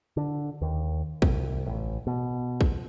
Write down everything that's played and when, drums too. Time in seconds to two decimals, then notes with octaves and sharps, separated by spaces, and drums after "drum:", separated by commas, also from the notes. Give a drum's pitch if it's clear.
0.17 D3
0.62 D#2
1.22 C2, drum: kick
1.66 A1
2.07 B2
2.61 drum: kick